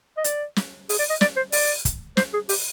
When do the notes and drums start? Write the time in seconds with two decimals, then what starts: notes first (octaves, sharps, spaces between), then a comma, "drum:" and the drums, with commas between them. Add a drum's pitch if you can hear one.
0.17 D#5
0.24 D5, drum: hi-hat
0.56 drum: snare
0.89 G#4, drum: open hi-hat
0.99 D5
1.10 D#5
1.21 D5, drum: snare
1.37 C5
1.52 D5, drum: open hi-hat
1.85 drum: kick, hi-hat
2.17 C5, drum: snare
2.34 G#4
2.49 G4, drum: open hi-hat